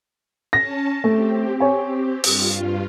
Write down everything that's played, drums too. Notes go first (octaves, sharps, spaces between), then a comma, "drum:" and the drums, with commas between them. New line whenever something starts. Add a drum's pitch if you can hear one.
C#4 A5 A#6
A3 C4 G4
C#5 G#5
G2 F4, drum: open hi-hat